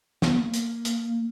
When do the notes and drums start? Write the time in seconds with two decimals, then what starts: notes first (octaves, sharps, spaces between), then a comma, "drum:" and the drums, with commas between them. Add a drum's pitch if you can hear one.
0.22 B3, drum: snare
0.38 A#3
0.54 drum: hi-hat
0.85 drum: hi-hat